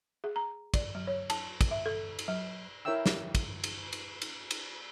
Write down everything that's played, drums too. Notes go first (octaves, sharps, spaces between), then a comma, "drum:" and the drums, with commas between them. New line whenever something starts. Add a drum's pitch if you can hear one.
G#4
A#5
D5, drum: kick, cymbal
F#3
C#5
A5, drum: cymbal
drum: kick, cymbal
E5
A4
drum: cymbal
F#3
E4 A#4 C#5 E5 G5 E6
drum: snare
drum: kick, cymbal
drum: cymbal
drum: cymbal
drum: cymbal
drum: cymbal